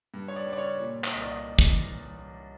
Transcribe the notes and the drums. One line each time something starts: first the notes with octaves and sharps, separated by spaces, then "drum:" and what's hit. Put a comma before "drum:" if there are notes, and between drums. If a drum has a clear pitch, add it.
G2
C#5
D5
G3
D5
C#5
A#2
drum: clap
C2 D#5
D5
D#5
drum: kick